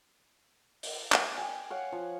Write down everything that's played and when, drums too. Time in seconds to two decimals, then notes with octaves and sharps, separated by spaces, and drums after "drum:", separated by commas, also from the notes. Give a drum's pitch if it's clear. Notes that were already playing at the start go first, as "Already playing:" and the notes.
0.83 drum: open hi-hat
1.12 drum: clap
1.37 G5 G#5
1.70 C#5 F5 F#5
1.92 F3